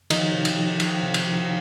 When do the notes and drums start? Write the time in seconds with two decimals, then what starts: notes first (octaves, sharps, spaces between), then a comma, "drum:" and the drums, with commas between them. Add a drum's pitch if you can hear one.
0.10 D#3 F3 D#4, drum: cymbal
0.33 C3
0.45 drum: cymbal
0.56 F3
0.80 F3, drum: cymbal
1.03 C3
1.14 drum: cymbal
1.25 F3